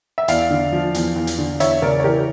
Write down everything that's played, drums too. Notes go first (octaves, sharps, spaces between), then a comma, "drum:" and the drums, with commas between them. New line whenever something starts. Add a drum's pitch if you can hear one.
E5
E2 D5 F5, drum: hi-hat
D3
F3
E2, drum: hi-hat
E2
drum: hi-hat
D3
E2 C#5 E5, drum: hi-hat
C#3 A#4 D5
C#5
E3 G4 A#4